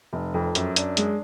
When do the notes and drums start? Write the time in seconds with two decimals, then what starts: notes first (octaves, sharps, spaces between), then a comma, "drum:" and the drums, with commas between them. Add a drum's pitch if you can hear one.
0.13 F1
0.34 F2
0.55 F#2, drum: hi-hat
0.76 D4, drum: hi-hat
0.97 G#3, drum: hi-hat